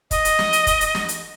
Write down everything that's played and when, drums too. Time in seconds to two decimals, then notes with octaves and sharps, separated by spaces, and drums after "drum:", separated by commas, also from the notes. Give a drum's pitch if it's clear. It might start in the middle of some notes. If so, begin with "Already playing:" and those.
0.11 D#5, drum: kick, hi-hat
0.25 drum: hi-hat
0.39 drum: snare
0.53 drum: hi-hat
0.67 drum: kick, hi-hat
0.81 drum: hi-hat
0.95 drum: snare
1.09 drum: hi-hat